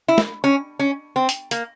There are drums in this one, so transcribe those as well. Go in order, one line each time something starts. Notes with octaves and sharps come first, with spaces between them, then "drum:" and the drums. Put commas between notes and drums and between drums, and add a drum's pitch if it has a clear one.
E4
drum: snare
C#4
C#4
C4
drum: hi-hat
A#3, drum: hi-hat